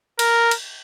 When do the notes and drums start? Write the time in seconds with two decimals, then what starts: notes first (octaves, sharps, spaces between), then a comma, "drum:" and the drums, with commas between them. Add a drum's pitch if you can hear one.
0.19 A#4, drum: cymbal
0.51 drum: cymbal